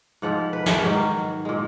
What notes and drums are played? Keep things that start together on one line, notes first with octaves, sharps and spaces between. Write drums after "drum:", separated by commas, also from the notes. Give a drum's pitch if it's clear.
G#2 F3 G#3 F#5
B4
drum: snare
G#2 D#3 F#3
A#2 G#3